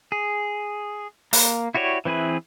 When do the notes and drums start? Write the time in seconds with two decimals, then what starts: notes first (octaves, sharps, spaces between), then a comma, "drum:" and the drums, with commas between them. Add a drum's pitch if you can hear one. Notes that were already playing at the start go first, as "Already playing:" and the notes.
0.12 G#4
1.33 A#3, drum: open hi-hat
1.74 E4 F#4 G4 C#5 D5
2.05 E3 C4 E4 G#4 B4